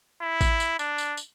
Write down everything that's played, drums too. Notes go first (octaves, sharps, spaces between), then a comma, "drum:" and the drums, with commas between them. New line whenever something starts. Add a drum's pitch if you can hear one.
E4
drum: kick, tambourine
drum: tambourine
D4, drum: tambourine
drum: tambourine
drum: tambourine